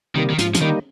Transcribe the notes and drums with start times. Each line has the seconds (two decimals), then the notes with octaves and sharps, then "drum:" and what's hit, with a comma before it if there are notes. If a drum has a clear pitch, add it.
0.15 C3 D#3 G3 A#3
0.30 D#3
0.39 G#2 F3, drum: hi-hat
0.55 F3, drum: hi-hat
0.61 D#3 G3 A#3 D#4